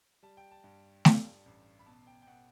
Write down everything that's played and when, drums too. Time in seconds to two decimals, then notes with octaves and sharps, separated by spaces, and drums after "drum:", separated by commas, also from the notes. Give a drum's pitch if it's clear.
0.23 G3 A5
0.37 G5
0.51 A5
0.64 G2
1.05 G3, drum: snare A3
1.46 A1
1.79 B5
1.86 B2 A5
2.07 G5
2.22 G5
2.27 B2 F#5